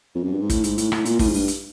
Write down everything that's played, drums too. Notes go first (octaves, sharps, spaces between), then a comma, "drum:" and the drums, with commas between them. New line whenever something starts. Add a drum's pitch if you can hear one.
F2
F#2
G2
G#2
A2, drum: kick, hi-hat
G#2, drum: hi-hat
A2, drum: hi-hat
A2, drum: rim click
A#2, drum: hi-hat
A2, drum: kick, open hi-hat
G#2
G2, drum: open hi-hat
drum: hi-hat